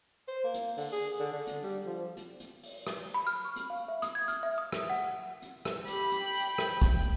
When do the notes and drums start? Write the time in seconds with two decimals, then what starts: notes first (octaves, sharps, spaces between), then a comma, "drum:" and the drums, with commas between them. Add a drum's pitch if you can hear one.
0.28 C5
0.44 A#3
0.54 drum: hi-hat
0.77 D3, drum: open hi-hat
0.92 G#4
1.20 D3
1.33 D3
1.47 drum: hi-hat
1.63 G3
1.86 F3
2.17 drum: hi-hat
2.40 drum: hi-hat
2.63 drum: open hi-hat
2.87 drum: rim click
3.14 B5
3.27 F6
3.45 C#6
3.56 drum: hi-hat
3.70 F5
3.88 E5
4.02 D#6, drum: hi-hat
4.15 G#6
4.28 F6, drum: hi-hat
4.43 E5
4.58 D#6
4.72 drum: rim click
4.90 F#5
5.42 drum: hi-hat
5.65 drum: rim click
5.88 G4 B5, drum: hi-hat
6.12 drum: hi-hat
6.21 G5
6.35 drum: open hi-hat
6.58 drum: rim click
6.82 drum: kick, hi-hat